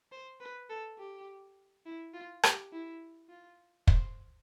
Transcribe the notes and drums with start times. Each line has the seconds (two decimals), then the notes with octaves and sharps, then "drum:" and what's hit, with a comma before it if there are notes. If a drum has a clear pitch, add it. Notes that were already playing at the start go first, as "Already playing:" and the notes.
0.12 C5
0.41 B4
0.70 A4
0.99 G4
1.86 E4
2.14 F4
2.43 G4, drum: rim click
2.72 E4
3.29 F4
3.87 C5, drum: kick